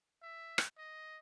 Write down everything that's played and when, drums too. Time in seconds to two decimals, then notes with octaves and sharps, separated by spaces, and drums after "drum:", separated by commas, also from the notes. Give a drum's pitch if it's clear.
0.23 E5
0.58 drum: rim click
0.78 D#5